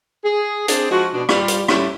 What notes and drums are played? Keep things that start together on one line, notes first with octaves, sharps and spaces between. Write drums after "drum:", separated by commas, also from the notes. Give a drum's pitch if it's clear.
G#4
C4 D4 G#4, drum: hi-hat
F3 G#3 F#4
B2 D4
G3 F4, drum: rim click
drum: hi-hat
G3 A3 C#4 E4, drum: rim click